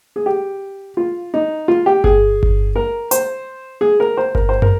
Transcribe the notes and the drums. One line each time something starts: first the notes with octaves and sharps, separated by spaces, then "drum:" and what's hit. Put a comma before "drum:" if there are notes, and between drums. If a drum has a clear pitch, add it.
G#4
G4
F4
D#4
F4
G4
G#4, drum: kick G1
drum: kick G1
A#4
C5, drum: hi-hat
G#4
A#4
C5
A#4, drum: kick G1
C5
A#4, drum: tom